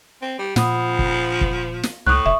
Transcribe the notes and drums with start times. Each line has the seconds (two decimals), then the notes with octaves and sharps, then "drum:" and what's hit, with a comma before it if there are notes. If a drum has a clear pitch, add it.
0.22 C4
0.39 G3
0.56 A#2 F3 F#5 B5 D#6, drum: snare
0.99 drum: kick
1.41 drum: kick
1.83 drum: snare
2.07 C#2 A2 C#6 D#6 F#6
2.26 F#1 E5 C#6